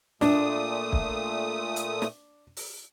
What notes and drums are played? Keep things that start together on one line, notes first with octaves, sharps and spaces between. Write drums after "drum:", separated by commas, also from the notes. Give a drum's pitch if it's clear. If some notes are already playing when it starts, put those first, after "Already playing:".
A#2 A3 D4 D#6, drum: snare
drum: kick
drum: hi-hat
drum: snare
drum: open hi-hat